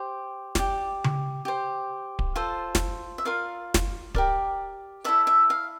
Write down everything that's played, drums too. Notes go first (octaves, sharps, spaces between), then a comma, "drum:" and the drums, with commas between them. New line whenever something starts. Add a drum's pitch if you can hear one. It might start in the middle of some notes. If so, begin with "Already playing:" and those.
Already playing: G4 C5
G4 D5, drum: snare
drum: tom C#3
G4 C5
drum: kick D1
F4 A4 C5
drum: snare
E5
F4 A#4 D5 F5
drum: snare
G4 A#4 D5, drum: kick D1
E4 A4 D5 E5
E5
F5